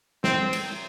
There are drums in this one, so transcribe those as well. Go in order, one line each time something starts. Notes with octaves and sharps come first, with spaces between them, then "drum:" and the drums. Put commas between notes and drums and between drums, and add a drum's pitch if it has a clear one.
C4, drum: snare
drum: cymbal